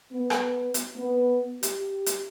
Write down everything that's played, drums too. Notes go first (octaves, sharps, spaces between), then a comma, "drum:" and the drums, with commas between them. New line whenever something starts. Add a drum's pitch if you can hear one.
B3
drum: rim click
drum: hi-hat
B3
G4, drum: hi-hat
drum: hi-hat